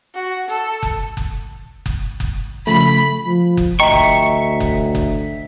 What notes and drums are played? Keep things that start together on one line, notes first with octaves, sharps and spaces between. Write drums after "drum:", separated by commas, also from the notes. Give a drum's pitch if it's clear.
F#4
A4
drum: kick F#1
drum: kick F#1
drum: kick F#1
drum: kick F#1
C#3 F3 A3 B5
F3
drum: kick F#1
D2 D#5 E5 G5 A#5 C#6
drum: kick F#1
drum: kick F#1
drum: kick F#1